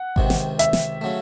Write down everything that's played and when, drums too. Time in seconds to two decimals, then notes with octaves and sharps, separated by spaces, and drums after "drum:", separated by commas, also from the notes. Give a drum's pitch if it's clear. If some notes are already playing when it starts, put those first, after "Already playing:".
Already playing: F#5
0.16 C#2 C3 D#3, drum: kick G#1
0.30 drum: snare
0.59 E5, drum: hi-hat
0.73 drum: snare
1.01 C#3 F#3 A3